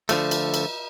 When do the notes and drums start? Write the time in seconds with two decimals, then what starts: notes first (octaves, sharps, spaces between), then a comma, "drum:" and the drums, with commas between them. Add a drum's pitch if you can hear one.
0.09 D3 F3 A3, drum: cymbal
0.31 drum: cymbal
0.54 drum: cymbal